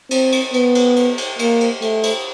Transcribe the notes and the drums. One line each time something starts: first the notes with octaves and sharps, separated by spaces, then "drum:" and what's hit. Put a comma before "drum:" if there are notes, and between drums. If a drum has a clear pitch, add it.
C4, drum: cymbal
drum: cymbal
B3, drum: cymbal
drum: cymbal
drum: cymbal
drum: cymbal
A#3, drum: cymbal
drum: cymbal
A3, drum: cymbal
drum: cymbal